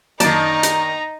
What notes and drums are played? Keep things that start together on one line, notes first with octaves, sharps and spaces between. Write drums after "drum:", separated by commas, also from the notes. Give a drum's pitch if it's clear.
F#2 D#3 A#3 D#4 D5 A5 A#5, drum: hi-hat
drum: hi-hat